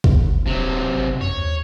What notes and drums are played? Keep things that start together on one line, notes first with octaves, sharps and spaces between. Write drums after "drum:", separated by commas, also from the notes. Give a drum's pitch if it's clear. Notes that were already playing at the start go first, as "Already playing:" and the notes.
G1, drum: kick
D#1 C3 F#3
G#1
F#2 C#5
D#2